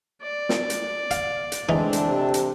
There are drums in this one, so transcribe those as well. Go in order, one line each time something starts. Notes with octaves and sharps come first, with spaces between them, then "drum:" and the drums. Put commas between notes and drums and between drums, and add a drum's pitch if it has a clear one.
D5
drum: snare
drum: hi-hat
F5, drum: hi-hat
drum: hi-hat
E3 G#3 A3 C4 D4 D#4
drum: hi-hat
C3
drum: hi-hat